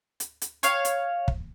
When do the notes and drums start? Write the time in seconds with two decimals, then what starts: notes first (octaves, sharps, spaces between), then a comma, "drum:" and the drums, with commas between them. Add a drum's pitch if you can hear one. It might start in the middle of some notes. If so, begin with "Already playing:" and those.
0.20 drum: hi-hat
0.42 drum: hi-hat
0.63 C#5 F5, drum: hi-hat
0.85 drum: hi-hat
1.28 drum: kick